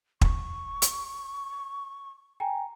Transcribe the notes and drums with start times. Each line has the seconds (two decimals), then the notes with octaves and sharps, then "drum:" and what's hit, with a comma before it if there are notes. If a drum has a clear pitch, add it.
0.21 C#6, drum: kick
0.82 drum: hi-hat
2.40 G5 G#5 A#5